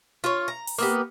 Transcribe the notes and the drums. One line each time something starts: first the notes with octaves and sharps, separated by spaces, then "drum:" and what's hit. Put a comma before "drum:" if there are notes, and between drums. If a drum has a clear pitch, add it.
F4 C#5
A#5
drum: open hi-hat
A#3 B3 G4